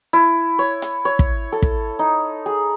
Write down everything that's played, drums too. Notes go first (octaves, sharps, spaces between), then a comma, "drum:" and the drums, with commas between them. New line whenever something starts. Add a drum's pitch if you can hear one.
E4
C#5
drum: hi-hat
C#5
drum: kick
A4
drum: kick
D#4
G#4